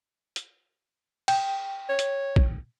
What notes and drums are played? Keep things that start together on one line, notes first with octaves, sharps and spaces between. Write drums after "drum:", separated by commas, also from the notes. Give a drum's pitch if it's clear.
drum: hi-hat
G5, drum: cymbal
C#5
drum: hi-hat
drum: kick